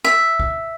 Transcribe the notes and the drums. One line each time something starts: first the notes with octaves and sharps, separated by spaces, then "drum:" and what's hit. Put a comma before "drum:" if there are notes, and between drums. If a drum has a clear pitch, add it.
E5
drum: kick